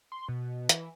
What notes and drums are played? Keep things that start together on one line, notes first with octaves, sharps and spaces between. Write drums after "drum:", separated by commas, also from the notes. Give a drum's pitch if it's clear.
C6
B2
E3, drum: hi-hat